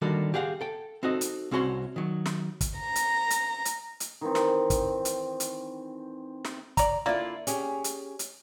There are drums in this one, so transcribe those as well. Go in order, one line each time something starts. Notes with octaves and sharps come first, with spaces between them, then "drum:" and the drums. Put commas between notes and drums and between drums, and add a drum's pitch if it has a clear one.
D3 D#3 G3 A#3 F#4 A4
G4 G#4 F5 F#5
A4 G5
C4 D#4 F#4 A4 D#5
drum: hi-hat
C2 C4 C#4 F#4 A5 C6
D#3 F#3
drum: snare
drum: kick, hi-hat
A#5
drum: hi-hat
drum: hi-hat
drum: hi-hat
drum: hi-hat
D#3 E3 C4
drum: snare
drum: kick, hi-hat
drum: hi-hat
drum: hi-hat
drum: snare
D5 A#5, drum: kick, hi-hat
D3 A#3 E4 F4 D5
C#4 G4 G#4, drum: hi-hat
drum: hi-hat
drum: hi-hat